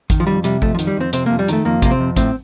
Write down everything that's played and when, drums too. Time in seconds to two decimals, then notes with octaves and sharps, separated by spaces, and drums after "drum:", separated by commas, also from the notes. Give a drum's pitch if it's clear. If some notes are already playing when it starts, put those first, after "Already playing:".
0.10 D#3, drum: kick A1, hi-hat
0.20 F3
0.27 F2 G3
0.44 C3 G3, drum: hi-hat
0.62 F2 A3, drum: kick A1
0.75 F3
0.79 D#3, drum: hi-hat
0.87 G3
0.97 F2 C4
1.13 C3 C4, drum: hi-hat
1.26 A#3
1.30 F2
1.39 G3
1.48 D#3 A3, drum: hi-hat
1.65 F2 A#3
1.82 C3 A#3, drum: kick A1, hi-hat
1.91 C4
1.99 F2
2.17 A2 C4, drum: kick A1, hi-hat